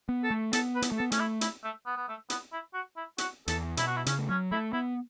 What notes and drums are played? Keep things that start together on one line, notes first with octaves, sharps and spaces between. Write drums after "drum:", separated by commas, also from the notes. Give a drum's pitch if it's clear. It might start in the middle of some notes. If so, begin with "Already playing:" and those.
B3
A4
A3
B3 A4, drum: hi-hat
B4
B3, drum: hi-hat
A3
A4
B3
A3 C#4, drum: hi-hat
E4
E4, drum: hi-hat
A3
B3
B3
A3
B3, drum: hi-hat
E4
F#4
E4
F#4, drum: hi-hat
E2 A4, drum: hi-hat
B2 E4, drum: hi-hat
F#4
E4
C#3 C#4, drum: hi-hat
A3
F#3 C#4
A3 E4
B3 E4